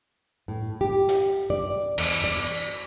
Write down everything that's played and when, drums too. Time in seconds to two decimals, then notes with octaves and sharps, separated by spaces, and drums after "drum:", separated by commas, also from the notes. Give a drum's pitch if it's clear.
0.48 A2
0.81 G4
1.09 drum: hi-hat
1.50 D5
1.98 E2, drum: cymbal
2.24 D5
2.54 drum: tambourine